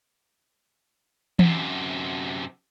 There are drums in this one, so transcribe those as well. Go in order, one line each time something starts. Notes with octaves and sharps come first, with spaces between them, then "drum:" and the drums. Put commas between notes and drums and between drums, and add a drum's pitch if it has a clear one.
F#2 C3, drum: tom E3